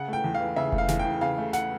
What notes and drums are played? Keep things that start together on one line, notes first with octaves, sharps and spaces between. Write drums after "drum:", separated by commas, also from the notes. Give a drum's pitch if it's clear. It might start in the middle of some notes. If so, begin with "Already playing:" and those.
Already playing: C#3 F#5
A3 G5
E2
F5
E3
C#3 E5
A3, drum: kick F1
F5
E2, drum: snare
G5
E3
C#3 F5
A3
F#5, drum: snare